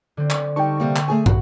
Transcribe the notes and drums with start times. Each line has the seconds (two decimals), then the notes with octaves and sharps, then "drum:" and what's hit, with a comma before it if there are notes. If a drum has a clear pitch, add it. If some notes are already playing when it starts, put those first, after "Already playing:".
0.17 D3 C4
0.30 drum: clap
0.56 G3 D#4 G5 A5 C#6
0.80 C3 G3 A#3 C4
0.96 drum: clap
1.08 A3 G#4 G#5
1.26 A#1 F#4, drum: tom